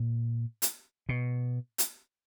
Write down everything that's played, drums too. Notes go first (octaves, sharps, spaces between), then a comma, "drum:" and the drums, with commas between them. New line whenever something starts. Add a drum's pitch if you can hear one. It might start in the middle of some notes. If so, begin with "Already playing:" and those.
Already playing: A#2
drum: hi-hat
B2
drum: hi-hat